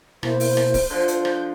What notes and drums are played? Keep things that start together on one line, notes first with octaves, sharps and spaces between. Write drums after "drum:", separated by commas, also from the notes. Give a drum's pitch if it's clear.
B2 A#3 E4 C5, drum: rim click
drum: open hi-hat
drum: rim click
drum: kick, open hi-hat
D3 F3 G6
drum: hi-hat
drum: rim click